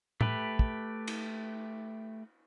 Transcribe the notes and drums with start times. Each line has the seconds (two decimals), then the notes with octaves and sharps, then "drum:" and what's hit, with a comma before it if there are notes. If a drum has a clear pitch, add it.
0.21 A3 G4 B4, drum: tom A2
0.59 drum: kick
1.08 drum: cymbal